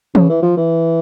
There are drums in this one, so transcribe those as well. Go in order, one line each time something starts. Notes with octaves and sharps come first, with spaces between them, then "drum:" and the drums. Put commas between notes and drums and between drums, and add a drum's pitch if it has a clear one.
C#3, drum: tom E3
E3
F3
E3